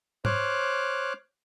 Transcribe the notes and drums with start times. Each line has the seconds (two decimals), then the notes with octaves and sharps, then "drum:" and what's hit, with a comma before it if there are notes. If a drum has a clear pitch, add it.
0.25 C5 C#5 D6 F6 F#6, drum: tom G#2